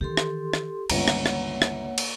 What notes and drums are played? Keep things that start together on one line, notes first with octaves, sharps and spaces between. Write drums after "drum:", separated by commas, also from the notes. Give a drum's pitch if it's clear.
D#3 E3 G4 A4 C6
drum: rim click
drum: rim click
G1 C#2 D#3 G3 A#3 C#5 F#5 A#5, drum: cymbal
drum: rim click
drum: rim click
drum: rim click
drum: cymbal